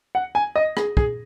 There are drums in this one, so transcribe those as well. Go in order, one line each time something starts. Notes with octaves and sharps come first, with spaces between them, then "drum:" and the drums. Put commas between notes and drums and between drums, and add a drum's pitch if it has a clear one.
F#5
G#5
D#5
G#4, drum: rim click
G#4, drum: kick